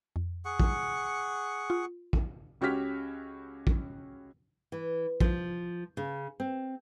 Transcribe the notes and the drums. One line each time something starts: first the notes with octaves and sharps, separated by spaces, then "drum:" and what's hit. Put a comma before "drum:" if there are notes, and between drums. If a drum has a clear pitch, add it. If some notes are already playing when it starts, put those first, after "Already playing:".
F2
G#4 F#5 C#6
drum: kick A#1
F4
drum: kick A#1
C#2 C#4 F#4 G4 F6 B6
drum: kick A#1
E3
F3, drum: kick A#1
C#3
C4